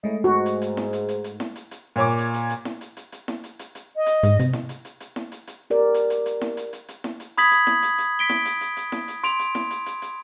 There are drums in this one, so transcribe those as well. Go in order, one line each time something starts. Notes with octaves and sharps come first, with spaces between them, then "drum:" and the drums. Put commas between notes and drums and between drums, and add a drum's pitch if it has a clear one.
G#3 A3 C#4 E4 D#5
G#2 F#4
drum: hi-hat
drum: hi-hat
drum: snare E4
drum: hi-hat
drum: hi-hat
drum: hi-hat
drum: snare E4
drum: hi-hat
drum: hi-hat
A#2 C#5 D6
drum: hi-hat
drum: hi-hat
drum: hi-hat
drum: snare E4
drum: hi-hat
drum: hi-hat
drum: hi-hat
drum: snare E4
drum: hi-hat
drum: hi-hat
drum: hi-hat
D#5
drum: hi-hat
G#2, drum: hi-hat
C3, drum: hi-hat
drum: snare E4
drum: hi-hat
drum: hi-hat
drum: hi-hat
drum: snare E4
drum: hi-hat
drum: hi-hat
G4 A#4 D5
drum: hi-hat
drum: hi-hat
drum: hi-hat
drum: snare E4
drum: hi-hat
drum: hi-hat
drum: hi-hat
drum: snare E4
drum: hi-hat
B5 D#6 G#6 B6 F#7, drum: hi-hat
drum: hi-hat
drum: snare E4
drum: hi-hat
drum: hi-hat
B6 D7 G7
drum: snare E4
drum: hi-hat
drum: hi-hat
drum: hi-hat
drum: snare E4
drum: hi-hat
C6 D7 F7, drum: hi-hat
drum: hi-hat
drum: snare E4
drum: hi-hat
drum: hi-hat
drum: hi-hat